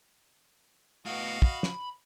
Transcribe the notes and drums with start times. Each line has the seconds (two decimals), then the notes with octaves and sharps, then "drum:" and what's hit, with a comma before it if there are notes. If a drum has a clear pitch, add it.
1.06 A2 B3 F#4 D#5 F5
1.42 B5, drum: kick
1.63 drum: snare